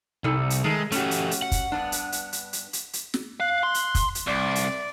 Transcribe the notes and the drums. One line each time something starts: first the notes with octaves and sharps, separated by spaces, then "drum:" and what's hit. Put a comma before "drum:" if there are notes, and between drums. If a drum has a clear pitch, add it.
C2 G3 D#4 A4
drum: hi-hat
D#3 G#3 A3
A3 C#4 F#4 G4, drum: hi-hat
drum: hi-hat
drum: hi-hat
F#5
drum: kick, hi-hat
G2 B3 D4
drum: hi-hat
drum: hi-hat
drum: hi-hat
drum: hi-hat
drum: hi-hat
drum: hi-hat
drum: snare
F5 F#6
C6
drum: hi-hat
drum: kick, hi-hat
drum: hi-hat
C2 D5
drum: hi-hat